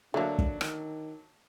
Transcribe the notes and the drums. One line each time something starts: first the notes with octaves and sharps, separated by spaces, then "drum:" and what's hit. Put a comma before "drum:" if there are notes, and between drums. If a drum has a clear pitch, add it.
D3 F#3 A3 A#3 D4
drum: kick
D#3, drum: rim click